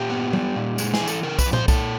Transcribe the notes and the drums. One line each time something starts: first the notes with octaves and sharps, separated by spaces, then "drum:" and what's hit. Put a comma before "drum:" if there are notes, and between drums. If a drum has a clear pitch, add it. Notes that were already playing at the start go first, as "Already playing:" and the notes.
Already playing: A#2 G4
B3
G3, drum: tom F#3
A#2
G#3, drum: tambourine
G#4, drum: snare
E3
A4, drum: tambourine
C#3 A#4
B4, drum: kick B1, tambourine
F2
C5, drum: tom A#2
A#2 A4, drum: kick B1, tambourine